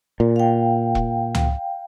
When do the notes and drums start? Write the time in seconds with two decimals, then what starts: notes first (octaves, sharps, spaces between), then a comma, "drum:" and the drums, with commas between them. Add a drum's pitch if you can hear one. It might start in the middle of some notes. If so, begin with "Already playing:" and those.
0.20 A#2
0.36 F5 G5
0.95 drum: kick E1
1.35 drum: tom